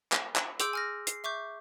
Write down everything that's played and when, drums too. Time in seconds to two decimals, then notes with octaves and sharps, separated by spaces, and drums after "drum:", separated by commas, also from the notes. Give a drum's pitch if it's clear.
0.12 drum: clap
0.36 drum: clap
0.60 G#4 C6 D6 E6 G6 D7, drum: hi-hat
0.73 G#5 F6 A#6
1.07 C7, drum: hi-hat
1.24 E5 C#6 D6 G6